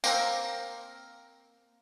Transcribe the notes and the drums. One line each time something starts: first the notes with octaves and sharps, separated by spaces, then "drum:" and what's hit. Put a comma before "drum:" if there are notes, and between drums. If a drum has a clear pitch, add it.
A#3 C4 A#4, drum: tambourine